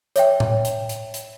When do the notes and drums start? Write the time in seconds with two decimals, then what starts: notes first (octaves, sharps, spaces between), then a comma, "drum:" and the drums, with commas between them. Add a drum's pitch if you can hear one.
0.16 C#5 E5 G5, drum: hi-hat
0.40 drum: tom A2
0.65 drum: hi-hat
0.89 drum: hi-hat
1.14 drum: hi-hat